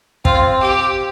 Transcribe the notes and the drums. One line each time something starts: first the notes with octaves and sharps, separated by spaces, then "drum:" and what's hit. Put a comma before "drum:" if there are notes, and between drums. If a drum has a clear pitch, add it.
C4 F4, drum: kick
G4